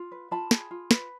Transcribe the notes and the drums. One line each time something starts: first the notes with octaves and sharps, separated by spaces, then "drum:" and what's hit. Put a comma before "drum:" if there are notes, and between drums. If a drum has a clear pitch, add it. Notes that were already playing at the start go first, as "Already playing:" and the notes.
Already playing: F4
B4
F4 A5 B5
G#4, drum: snare
F4
B4, drum: snare